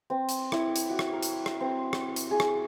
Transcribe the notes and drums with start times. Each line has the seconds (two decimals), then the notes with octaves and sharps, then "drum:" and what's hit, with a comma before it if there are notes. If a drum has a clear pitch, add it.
0.10 C4
0.29 drum: hi-hat
0.52 E4, drum: rim click
0.76 drum: hi-hat
0.89 F#4
0.99 drum: rim click
1.12 A#4
1.23 drum: hi-hat
1.46 drum: rim click
1.61 C4
1.93 drum: rim click
2.16 drum: hi-hat
2.31 G#4
2.40 drum: rim click